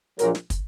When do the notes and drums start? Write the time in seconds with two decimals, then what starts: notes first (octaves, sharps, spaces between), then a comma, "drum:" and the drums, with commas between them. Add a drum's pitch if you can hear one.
0.19 A#1 A#2 F#3 A#4, drum: hi-hat
0.35 drum: snare
0.50 drum: kick, hi-hat